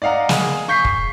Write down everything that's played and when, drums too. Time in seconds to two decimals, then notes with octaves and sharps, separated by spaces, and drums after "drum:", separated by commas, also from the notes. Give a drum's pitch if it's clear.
0.02 D5 D#5 F5 F#5 A#5
0.29 G#4, drum: snare
0.68 C#6 G6 B6 C7
0.85 drum: kick